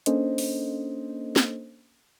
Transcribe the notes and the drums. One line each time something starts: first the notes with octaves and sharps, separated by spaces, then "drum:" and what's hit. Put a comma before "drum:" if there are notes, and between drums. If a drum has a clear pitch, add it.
A#3 C#4 D4 A4 C5 D#5, drum: hi-hat
drum: open hi-hat
drum: snare